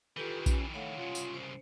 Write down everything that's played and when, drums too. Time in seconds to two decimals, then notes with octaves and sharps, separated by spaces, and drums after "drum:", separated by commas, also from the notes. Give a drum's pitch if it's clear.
0.17 D#3 E3 F4 G4 A4 B4
0.46 C#4, drum: kick A#1, tambourine
0.74 A3 C#5 F5 F#5
0.97 C2 C#3 F4
1.15 drum: tambourine
1.34 C5